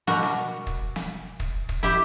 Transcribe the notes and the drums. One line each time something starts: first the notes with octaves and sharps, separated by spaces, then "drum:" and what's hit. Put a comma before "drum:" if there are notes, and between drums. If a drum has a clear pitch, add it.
B2 G3 F#4 A#4, drum: snare
drum: snare
drum: kick
drum: snare
drum: kick
drum: kick
E4 G4